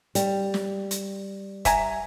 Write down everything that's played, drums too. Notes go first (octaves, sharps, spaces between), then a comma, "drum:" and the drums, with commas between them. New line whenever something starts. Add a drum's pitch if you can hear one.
G3, drum: hi-hat
drum: snare
drum: hi-hat
E5 G#5 A#5, drum: kick, hi-hat